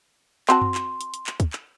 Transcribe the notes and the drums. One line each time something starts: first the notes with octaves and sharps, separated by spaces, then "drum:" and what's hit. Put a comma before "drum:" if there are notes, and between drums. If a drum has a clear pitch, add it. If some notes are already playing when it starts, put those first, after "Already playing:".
C4 F#4 A5 C6, drum: clap
drum: tom F#2
drum: clap
drum: hi-hat
drum: hi-hat
drum: clap
drum: kick, hi-hat
drum: clap